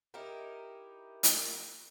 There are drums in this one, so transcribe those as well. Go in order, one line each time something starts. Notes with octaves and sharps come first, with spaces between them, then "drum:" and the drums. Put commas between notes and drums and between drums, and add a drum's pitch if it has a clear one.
D#4 E4 G4 A#4
drum: hi-hat